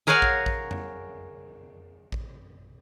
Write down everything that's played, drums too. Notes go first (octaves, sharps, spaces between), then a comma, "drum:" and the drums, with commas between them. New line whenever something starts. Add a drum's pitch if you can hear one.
G#4 A#4 C#5 F5 F#5 G#5
drum: kick A1
drum: kick A1
drum: tom F2
drum: kick A1